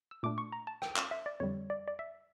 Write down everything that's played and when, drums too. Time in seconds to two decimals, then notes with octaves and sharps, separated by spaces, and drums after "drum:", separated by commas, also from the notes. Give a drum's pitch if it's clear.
0.11 E6
0.23 A#2 A3 D4 D6
0.38 C#6
0.53 A#5
0.67 A5
0.82 G5, drum: rim click
0.96 F5, drum: clap
1.11 E5
1.26 D5
1.40 F2 D3 G3 C#5
1.70 D5
1.88 D5
1.99 E5